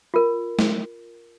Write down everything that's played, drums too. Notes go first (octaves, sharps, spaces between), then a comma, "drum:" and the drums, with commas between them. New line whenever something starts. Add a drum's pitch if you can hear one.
F4 A#4
drum: snare